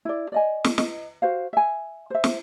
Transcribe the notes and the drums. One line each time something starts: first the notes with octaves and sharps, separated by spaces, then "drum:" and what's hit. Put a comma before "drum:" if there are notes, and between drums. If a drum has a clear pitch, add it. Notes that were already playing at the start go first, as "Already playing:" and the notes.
E4 D5
D5 D#5 G#5
drum: snare
D#5, drum: snare
F#4 C5 F5
E5 G#5
C5 E5
drum: snare